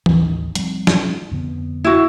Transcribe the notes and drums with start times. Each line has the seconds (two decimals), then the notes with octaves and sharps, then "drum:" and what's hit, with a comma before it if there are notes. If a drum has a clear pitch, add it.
0.06 A1 D#2 D#3, drum: tom E3
0.55 F3 G3 C4, drum: hi-hat
0.87 drum: snare
1.31 F2 D3 B3
1.84 E4 F#4